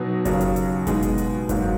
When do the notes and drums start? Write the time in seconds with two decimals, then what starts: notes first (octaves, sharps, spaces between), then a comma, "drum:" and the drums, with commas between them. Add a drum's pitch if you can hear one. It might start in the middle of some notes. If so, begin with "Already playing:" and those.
Already playing: B2 F#3 B3 D#4
0.25 D#2 C#3 F#3 A#3, drum: kick F#1, hi-hat
0.41 drum: hi-hat
0.56 drum: hi-hat
0.87 B2 G#3 B3 D#4, drum: kick F#1, hi-hat
1.02 drum: hi-hat
1.18 drum: hi-hat
1.49 G#2 F#3 A#3, drum: kick F#1, hi-hat